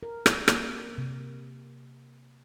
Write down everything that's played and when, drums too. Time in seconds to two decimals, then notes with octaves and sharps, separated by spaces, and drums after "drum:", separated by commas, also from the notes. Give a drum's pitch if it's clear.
0.03 A#4
0.26 drum: rim click
0.48 A#3, drum: rim click
0.98 C3